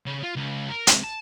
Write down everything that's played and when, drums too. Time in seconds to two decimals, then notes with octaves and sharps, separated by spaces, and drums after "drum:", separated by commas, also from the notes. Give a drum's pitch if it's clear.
0.07 C#3
0.24 F4
0.36 C#2
0.69 A#4
0.87 C3 G#3, drum: hi-hat
1.04 A5